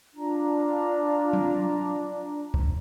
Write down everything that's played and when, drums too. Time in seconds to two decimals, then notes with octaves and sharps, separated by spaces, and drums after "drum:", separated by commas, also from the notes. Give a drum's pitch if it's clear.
0.14 D4 F4 A#5
1.33 drum: tom F#3
2.54 drum: kick